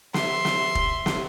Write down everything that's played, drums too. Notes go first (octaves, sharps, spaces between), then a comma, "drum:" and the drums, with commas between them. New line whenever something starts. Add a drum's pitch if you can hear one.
E5 C6, drum: snare
drum: snare
drum: kick F1
drum: snare